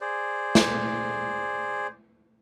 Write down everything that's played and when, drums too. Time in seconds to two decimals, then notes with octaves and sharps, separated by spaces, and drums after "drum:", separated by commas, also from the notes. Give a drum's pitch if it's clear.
0.01 G#4 C5 D5
0.55 drum: snare